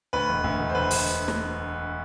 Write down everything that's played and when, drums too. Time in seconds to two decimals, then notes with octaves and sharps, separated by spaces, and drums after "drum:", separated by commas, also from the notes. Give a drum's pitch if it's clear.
0.13 D2 B4
0.29 E1
0.44 D2
0.59 E1
0.69 C5
0.75 E1 B4
0.91 E1, drum: open hi-hat
1.28 drum: snare